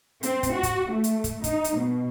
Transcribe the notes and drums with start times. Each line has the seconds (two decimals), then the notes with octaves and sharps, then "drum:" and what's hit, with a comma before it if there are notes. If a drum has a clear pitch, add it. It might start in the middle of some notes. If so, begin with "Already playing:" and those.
0.23 C4, drum: hi-hat
0.43 drum: kick, hi-hat
0.54 F#4
0.63 drum: kick, hi-hat
0.91 A3
1.04 drum: hi-hat
1.24 drum: kick, hi-hat
1.44 D#4, drum: kick, hi-hat
1.64 drum: hi-hat
1.77 B2